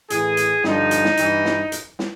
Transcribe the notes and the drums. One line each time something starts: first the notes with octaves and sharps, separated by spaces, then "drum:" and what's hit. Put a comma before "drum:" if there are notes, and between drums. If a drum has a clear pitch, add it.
A2 E3 G#4, drum: hi-hat
drum: hi-hat
G2 D3 F3 D#4, drum: snare
drum: hi-hat
drum: snare
G2 E3, drum: hi-hat
drum: snare
drum: hi-hat
drum: snare